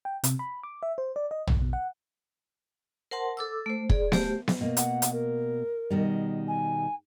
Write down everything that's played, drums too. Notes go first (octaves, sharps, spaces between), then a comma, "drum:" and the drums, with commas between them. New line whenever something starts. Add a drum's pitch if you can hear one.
G5
C3, drum: hi-hat
B5
D6
E5
C5
D5
D#5
D2, drum: tom A#1
B2
F#5
A#4 C5 F#5 A5 C6
A4 D6 E6
A3 C5
G#4 D5, drum: kick
A3 G4 C5, drum: snare B3
drum: snare B3
B2 A#3
F#5, drum: hi-hat
drum: hi-hat
A#4
B2 D#3 G3
G#5